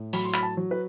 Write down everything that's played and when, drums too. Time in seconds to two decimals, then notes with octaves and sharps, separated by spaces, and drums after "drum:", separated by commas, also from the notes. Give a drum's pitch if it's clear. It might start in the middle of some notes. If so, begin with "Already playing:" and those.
Already playing: A2
0.13 F#3 B5, drum: open hi-hat
0.25 C6
0.34 B5, drum: clap
0.43 A5
0.57 F#3
0.71 B4